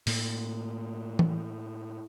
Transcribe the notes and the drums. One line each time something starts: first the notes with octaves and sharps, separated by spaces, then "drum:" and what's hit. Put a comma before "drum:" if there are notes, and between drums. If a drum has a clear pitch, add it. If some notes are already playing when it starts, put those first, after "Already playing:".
A2 A#3, drum: open hi-hat
drum: tom E3